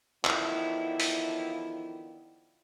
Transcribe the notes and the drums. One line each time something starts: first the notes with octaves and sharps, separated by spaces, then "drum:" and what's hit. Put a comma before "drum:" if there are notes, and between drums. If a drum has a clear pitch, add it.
E2 D3 D#3 F3 E4, drum: clap
drum: open hi-hat